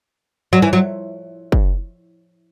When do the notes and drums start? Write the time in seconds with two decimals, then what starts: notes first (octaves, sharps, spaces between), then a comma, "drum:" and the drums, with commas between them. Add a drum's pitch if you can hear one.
0.53 F#3
0.62 E3
0.73 F#3
1.52 drum: kick